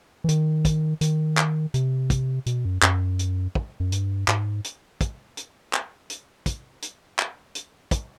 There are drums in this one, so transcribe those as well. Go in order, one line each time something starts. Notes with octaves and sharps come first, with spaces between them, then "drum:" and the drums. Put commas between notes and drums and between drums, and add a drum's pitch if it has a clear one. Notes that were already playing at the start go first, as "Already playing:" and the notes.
E3
D#3, drum: hi-hat
drum: kick, hi-hat
D#3, drum: hi-hat
drum: clap
C3, drum: hi-hat
drum: kick, hi-hat
B2, drum: hi-hat
F#2
F#2, drum: clap
drum: hi-hat
drum: kick
F#2
G2, drum: hi-hat
G#2, drum: clap
drum: hi-hat
drum: kick, hi-hat
drum: hi-hat
drum: clap
drum: hi-hat
drum: kick, hi-hat
drum: hi-hat
drum: clap
drum: hi-hat
drum: kick, hi-hat